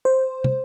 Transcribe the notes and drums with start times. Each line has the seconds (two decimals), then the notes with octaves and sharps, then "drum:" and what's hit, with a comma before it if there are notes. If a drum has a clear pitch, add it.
0.05 C5
0.44 drum: tom